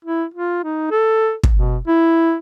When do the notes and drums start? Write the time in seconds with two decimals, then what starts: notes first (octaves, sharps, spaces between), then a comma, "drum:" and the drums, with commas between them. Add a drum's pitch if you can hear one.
0.04 E4
0.34 F4
0.64 D#4
0.91 A4
1.43 drum: kick
1.56 B2
1.87 E4